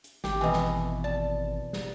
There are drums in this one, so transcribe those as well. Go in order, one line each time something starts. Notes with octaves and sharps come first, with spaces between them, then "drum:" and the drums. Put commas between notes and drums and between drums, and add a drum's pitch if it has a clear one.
drum: hi-hat
G#1 G4, drum: snare
B2 E3 D#5 G#5
drum: snare
D5 A5
drum: snare